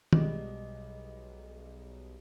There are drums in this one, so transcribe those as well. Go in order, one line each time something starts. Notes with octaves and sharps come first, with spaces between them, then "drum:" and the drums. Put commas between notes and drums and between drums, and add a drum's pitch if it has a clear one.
B1 G3 G#3 D#5 D6, drum: tom